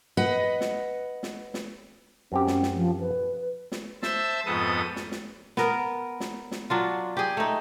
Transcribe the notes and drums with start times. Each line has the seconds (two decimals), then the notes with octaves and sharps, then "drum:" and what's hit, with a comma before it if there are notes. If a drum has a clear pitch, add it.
0.17 B4 D#5 F#5
0.61 drum: snare
1.23 drum: snare
1.54 drum: snare
2.32 F#2 C4 C#4 G4
2.47 drum: snare
2.63 drum: snare
2.75 F3
3.00 B4
3.72 drum: snare
4.03 C5 E5 A5 E6, drum: snare
4.46 F2 G#2 B3 A4 D#6
4.96 drum: snare
5.12 drum: snare
5.57 B3 A#4, drum: snare
6.20 drum: snare
6.51 drum: snare
6.70 F#3 D4 F4
7.17 G4 G#4
7.37 A3 D#4